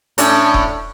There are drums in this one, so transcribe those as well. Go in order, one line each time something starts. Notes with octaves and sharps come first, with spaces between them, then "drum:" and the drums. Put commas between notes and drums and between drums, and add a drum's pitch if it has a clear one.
A2 C#4 D4, drum: hi-hat
drum: kick D#1